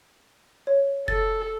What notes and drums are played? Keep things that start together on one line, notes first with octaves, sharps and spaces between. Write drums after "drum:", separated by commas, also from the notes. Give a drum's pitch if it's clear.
C#5
A4 A6, drum: kick F1